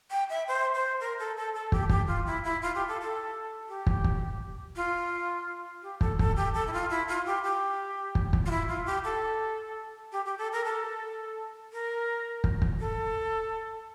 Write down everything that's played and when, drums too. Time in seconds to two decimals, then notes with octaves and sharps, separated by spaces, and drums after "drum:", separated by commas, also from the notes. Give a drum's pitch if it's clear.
0.11 G5
0.30 E5
0.48 C5
0.74 C5
1.01 A#4
1.19 A4
1.37 A4
1.55 A4
1.72 G4, drum: kick
1.89 G4, drum: kick
2.07 F4
2.26 E4
2.44 E4
2.62 F4
2.75 G4
2.88 A4
3.01 A4
3.68 G4
3.87 drum: kick
4.04 drum: kick
4.76 F4
5.82 G4
6.01 A4, drum: kick
6.19 A4, drum: kick
6.36 G4
6.54 A4
6.67 E4
6.73 F4
6.90 E4
7.08 F4
7.26 G4
7.44 G4
8.15 drum: kick
8.33 drum: kick
8.46 F4
8.51 E4
8.68 F4
8.86 G4
9.04 A4
10.12 G4
10.26 G4
10.38 A4
10.52 A#4
10.65 A4
11.73 A#4
12.44 drum: kick
12.62 drum: kick
12.80 A4